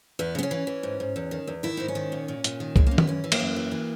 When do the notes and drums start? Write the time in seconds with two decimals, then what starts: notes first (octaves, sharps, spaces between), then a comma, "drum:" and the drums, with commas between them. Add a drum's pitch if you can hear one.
0.19 E2 B3
0.35 C#3 B3
0.43 C#4
0.51 E3
0.67 E3
0.83 G#2
1.00 G#2
1.16 E2
1.31 D#3
1.47 E2
1.63 D#3 E4
1.77 G#2 D#4
1.88 C#4
1.95 D#3
2.12 A#2
2.28 A#2
2.44 A#2, drum: hi-hat
2.60 D#3
2.76 F#2 G#3, drum: kick C2
2.87 F#2 A#3
2.98 B3, drum: tom D#3
3.07 E3 C#4
3.24 E3
3.32 A#3, drum: cymbal
3.40 F#2
3.56 E3
3.71 E3